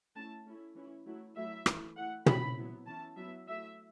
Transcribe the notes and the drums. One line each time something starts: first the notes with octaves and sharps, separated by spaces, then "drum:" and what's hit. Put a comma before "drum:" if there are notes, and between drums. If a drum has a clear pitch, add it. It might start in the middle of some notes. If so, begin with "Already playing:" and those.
A3 C#4 E4 A5
A3 C#4 E4
E3 C#4 E4
F#3 A3 E4
F#3 A3 E4 E5
E3 A3 E4, drum: rim click
A3 E4 F#5
A3 C#4 E4 B5, drum: tom
F#3 B3 E4
E3 C#4 E4 A5
F#3 B3 E4 E5
F#3 A3 E4 E5